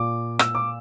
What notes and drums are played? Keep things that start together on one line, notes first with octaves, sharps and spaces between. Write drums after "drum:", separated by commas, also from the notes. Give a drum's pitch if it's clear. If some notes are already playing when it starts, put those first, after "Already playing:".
Already playing: A#2 D6
E6, drum: rim click
D6